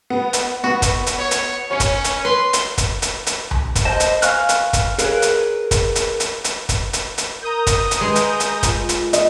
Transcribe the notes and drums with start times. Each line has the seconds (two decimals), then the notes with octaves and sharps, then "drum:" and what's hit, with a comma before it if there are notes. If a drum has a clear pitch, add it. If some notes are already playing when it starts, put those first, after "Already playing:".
0.10 B3
0.33 drum: hi-hat
0.64 B3 F#4
0.82 drum: kick, hi-hat
1.06 drum: hi-hat
1.18 C#5
1.31 drum: hi-hat
1.71 C#4 C#5 C#7
1.80 drum: kick, hi-hat
2.04 drum: hi-hat
2.25 B4 C6
2.53 drum: hi-hat
2.78 drum: kick, hi-hat
3.02 drum: hi-hat
3.27 drum: hi-hat
3.51 drum: tom C2
3.75 drum: kick, hi-hat
3.85 C5 D#5 A5
4.00 drum: hi-hat
4.22 F5 G#5 C#6 F6 F#6, drum: hi-hat
4.49 drum: hi-hat
4.73 drum: kick, hi-hat
4.98 G#4 A#4 B4 C#5, drum: hi-hat
5.22 drum: hi-hat
5.71 drum: kick, hi-hat
5.95 drum: hi-hat
6.20 drum: hi-hat
6.44 drum: hi-hat
6.69 drum: kick, hi-hat
6.93 drum: hi-hat
7.18 drum: hi-hat
7.42 A#4 A#5 D#6 G6
7.67 drum: kick, hi-hat
7.91 drum: hi-hat
8.01 G#3 B4
8.15 drum: hi-hat
8.40 drum: hi-hat
8.63 F4, drum: kick, hi-hat
8.89 drum: hi-hat
9.13 D#5, drum: hi-hat